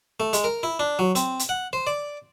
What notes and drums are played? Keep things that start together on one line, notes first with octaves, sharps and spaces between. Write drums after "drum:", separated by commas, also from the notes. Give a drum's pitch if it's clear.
A3
G#3, drum: hi-hat
A#4
E4
D4
F#3
C4, drum: hi-hat
drum: hi-hat
F#5
C5
D5